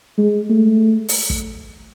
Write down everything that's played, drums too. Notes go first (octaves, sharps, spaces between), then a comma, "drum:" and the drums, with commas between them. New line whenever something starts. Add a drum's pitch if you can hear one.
G#3
A3
drum: open hi-hat
drum: kick